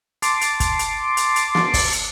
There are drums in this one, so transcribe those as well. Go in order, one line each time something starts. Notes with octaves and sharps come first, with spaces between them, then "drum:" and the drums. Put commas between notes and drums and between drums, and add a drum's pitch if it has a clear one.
A5 C6 D6, drum: hi-hat
drum: hi-hat
drum: kick, hi-hat
drum: hi-hat
drum: hi-hat
drum: hi-hat
drum: snare
drum: kick, open hi-hat
drum: hi-hat